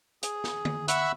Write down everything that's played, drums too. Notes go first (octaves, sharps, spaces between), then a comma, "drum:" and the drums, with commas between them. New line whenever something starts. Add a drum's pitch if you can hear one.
G#4, drum: hi-hat
drum: snare
drum: tom D3
E5 F#5 B5 C#6 E6 F#6, drum: hi-hat